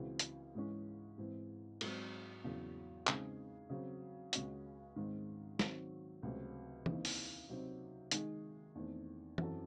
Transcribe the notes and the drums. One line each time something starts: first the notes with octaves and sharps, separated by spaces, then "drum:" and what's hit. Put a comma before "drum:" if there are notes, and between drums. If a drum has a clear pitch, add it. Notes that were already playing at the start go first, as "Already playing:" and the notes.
Already playing: C#2 C#3 E3 C4 F#4
drum: hi-hat
G#2 E3 G#3 C#4
G#2 E3 C4
G#2 F#3 C4, drum: cymbal
E2 C#3 F#3
C#3 G#3 C4 D#4 G#4, drum: clap
C#3 F#3 C4
C#2 C#3 G#3 C#4 F#4, drum: hi-hat
G#2 D#3 G#3 C4
D#3 F#3 C4, drum: snare
C#2 C3 F#3 A3 C4
D#2 C#3 E3 C4 D#4, drum: tom E3
drum: open hi-hat
C3 F#3 C4 D#4
D#3 G#3 D#4 G#4, drum: hi-hat
E2 D#3 A3 C4
F#2 E3 C4 F#4 A4, drum: tom E3